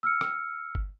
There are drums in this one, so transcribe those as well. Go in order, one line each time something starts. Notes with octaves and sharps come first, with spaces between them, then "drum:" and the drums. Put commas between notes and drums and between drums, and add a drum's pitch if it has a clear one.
E6 F6 C#7
drum: rim click
drum: kick G1